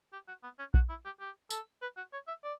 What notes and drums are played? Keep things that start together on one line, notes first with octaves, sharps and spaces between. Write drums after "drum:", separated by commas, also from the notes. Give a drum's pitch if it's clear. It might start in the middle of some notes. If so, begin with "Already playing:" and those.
G4
F#4
B3
C#4
F#4, drum: kick A#1
E4
G4
G4
A4, drum: tambourine
B4
F#4
C#5
E5
D5